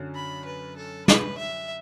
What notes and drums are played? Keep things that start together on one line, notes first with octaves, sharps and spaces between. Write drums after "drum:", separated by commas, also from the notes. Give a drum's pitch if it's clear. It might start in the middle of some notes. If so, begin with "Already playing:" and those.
Already playing: F#2 D3 F#3
B5
B4
A4
B4, drum: snare
E5